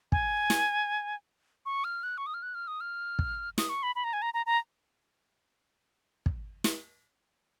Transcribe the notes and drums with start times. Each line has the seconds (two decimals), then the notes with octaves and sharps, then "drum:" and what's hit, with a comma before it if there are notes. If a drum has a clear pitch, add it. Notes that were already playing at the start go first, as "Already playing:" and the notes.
0.12 G#5, drum: kick
0.50 drum: snare
1.66 C#6
1.84 F6
2.03 F#6
2.18 C#6
2.26 D#6
2.34 F6
2.42 F#6
2.54 F6
2.68 D#6
2.81 F6
3.19 drum: kick
3.58 D#6, drum: snare
3.69 C#6
3.83 B5
3.96 B5
4.04 A#5
4.13 G#5
4.22 A#5
4.34 A#5
4.46 A#5
6.26 drum: kick
6.64 drum: snare